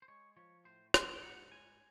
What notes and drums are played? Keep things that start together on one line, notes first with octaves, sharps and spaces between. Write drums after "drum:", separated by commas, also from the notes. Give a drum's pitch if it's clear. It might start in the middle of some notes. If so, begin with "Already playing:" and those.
C5
G#3 C#5
F3 C#5
A2 C5
A2 C#5, drum: rim click
G5
G#2 F#5
G3 G#5